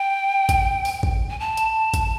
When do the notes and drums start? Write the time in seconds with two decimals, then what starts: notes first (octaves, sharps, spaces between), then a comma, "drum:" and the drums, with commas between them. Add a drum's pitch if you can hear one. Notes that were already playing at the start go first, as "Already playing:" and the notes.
Already playing: G5
0.49 drum: kick G#1, hi-hat
0.85 drum: open hi-hat
1.03 drum: kick G#1
1.30 G#5
1.40 A5
1.57 drum: hi-hat
1.94 drum: kick G#1, hi-hat